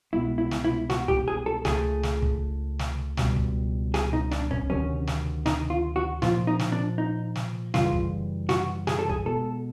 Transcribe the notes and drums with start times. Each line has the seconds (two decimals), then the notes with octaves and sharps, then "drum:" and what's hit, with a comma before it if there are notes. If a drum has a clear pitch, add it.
0.13 C2 B2 G#3 B3 E4
0.38 E4
0.51 drum: snare
0.65 E4
0.90 F#4, drum: snare
1.08 G4, drum: kick
1.28 G#4
1.46 A4
1.65 C#2 C#3 E3 A3 G#4, drum: snare
2.03 drum: snare
2.22 drum: kick
2.79 drum: snare
3.17 C#2 B2 G3, drum: snare
3.36 drum: kick
3.94 G#4, drum: snare
4.13 D#4
4.31 D4, drum: snare
4.51 C#4, drum: kick
4.70 D2 C3 D#3 F#3 C#4
5.07 drum: snare
5.46 D#4, drum: snare
5.70 F4
5.96 F#4
6.22 A#2 F3 A#3 F4, drum: snare
6.47 D#4
6.59 drum: snare
6.72 D4
6.98 D#4
7.35 drum: snare
7.74 F#2 C#3 E3 G3 F4, drum: snare
7.93 drum: kick
8.49 F#4, drum: snare
8.87 G#4, drum: snare
8.99 A4
9.09 G#4, drum: kick
9.25 B2 G#3 B3 A4